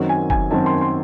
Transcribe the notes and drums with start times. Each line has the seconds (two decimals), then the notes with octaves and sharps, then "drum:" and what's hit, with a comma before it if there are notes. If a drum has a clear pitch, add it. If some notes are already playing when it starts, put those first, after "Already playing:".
Already playing: F#2 D#3 F#3 C4
0.09 G#5
0.30 G#5, drum: kick F#1
0.51 F#2 D#3 F#3 C4 A5
0.66 C6
0.81 C6